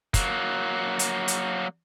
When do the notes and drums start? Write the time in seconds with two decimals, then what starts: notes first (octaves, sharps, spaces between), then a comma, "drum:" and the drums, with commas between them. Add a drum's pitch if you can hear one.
0.14 F#3 A#3, drum: kick, hi-hat
0.99 drum: hi-hat
1.28 drum: hi-hat